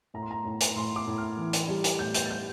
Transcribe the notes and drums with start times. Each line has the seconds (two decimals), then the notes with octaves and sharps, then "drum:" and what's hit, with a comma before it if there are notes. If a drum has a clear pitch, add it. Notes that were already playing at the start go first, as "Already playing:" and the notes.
0.14 A2 A#5
0.22 C6
0.31 A#5
0.45 A2
0.61 drum: hi-hat
0.76 A2 C6
0.96 D6
1.07 A2
1.18 F6
1.37 E3
1.53 drum: hi-hat
1.68 G3
1.84 drum: hi-hat
1.99 A2 G6
2.14 G6, drum: hi-hat
2.26 A6
2.30 G3 G6